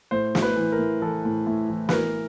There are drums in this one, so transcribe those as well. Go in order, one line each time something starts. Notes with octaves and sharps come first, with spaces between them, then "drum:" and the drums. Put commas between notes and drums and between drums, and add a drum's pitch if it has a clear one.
A2 C5
A2, drum: snare
B4
E3
A#4
A2
E3 A4
A2
A2
E3
B4, drum: snare
E3 A#4